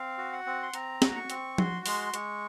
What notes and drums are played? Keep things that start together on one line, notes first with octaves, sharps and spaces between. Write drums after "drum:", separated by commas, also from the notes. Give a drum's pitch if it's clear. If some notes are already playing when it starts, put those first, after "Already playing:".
Already playing: C4 F5
F#4
F#5
C4
C6
C4 A#5, drum: hi-hat
F#4, drum: snare
C#6
C4, drum: hi-hat
F#4 C6, drum: tom F3
G#3 C6, drum: open hi-hat
G#3 C#6, drum: hi-hat